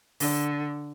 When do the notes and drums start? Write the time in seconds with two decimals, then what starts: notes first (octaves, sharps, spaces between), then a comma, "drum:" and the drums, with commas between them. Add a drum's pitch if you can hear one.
0.20 D3, drum: open hi-hat